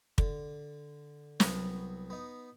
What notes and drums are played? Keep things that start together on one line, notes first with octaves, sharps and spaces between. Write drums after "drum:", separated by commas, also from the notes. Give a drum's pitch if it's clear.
D3, drum: kick
C2 F#3 B3, drum: snare
B3 D#4